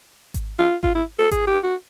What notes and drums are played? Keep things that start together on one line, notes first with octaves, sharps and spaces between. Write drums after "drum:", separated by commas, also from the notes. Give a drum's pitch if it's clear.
drum: kick G#1, hi-hat
F4
F4, drum: kick G#1
E4
A4
G#4, drum: kick G#1, hi-hat
G4
F#4